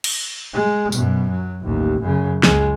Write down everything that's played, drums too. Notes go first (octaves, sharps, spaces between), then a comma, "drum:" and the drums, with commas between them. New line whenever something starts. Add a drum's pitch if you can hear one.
drum: cymbal
G#3
F#2 B2, drum: tambourine
F#3
A1 D#2
F#2 C#3
C#2 G#3, drum: snare